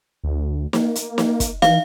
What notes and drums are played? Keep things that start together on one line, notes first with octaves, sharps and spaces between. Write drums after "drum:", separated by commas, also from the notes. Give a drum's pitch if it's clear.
D2
A#3, drum: snare
drum: hi-hat
drum: snare
drum: kick, hi-hat
E3 F5, drum: snare